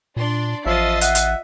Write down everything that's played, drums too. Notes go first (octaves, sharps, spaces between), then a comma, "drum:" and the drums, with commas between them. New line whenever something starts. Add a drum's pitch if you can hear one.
A#2 D4 D5 C6
A1 F3 D#5 E5 A6 C7
E5 F#5, drum: hi-hat
drum: hi-hat